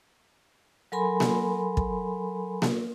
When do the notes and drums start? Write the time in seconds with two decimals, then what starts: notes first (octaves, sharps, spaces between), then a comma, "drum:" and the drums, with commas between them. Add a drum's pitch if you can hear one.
0.92 F#3 A4 A#4 G#5 B5 C6
1.20 drum: snare A#3
1.77 drum: kick
2.62 drum: snare A#3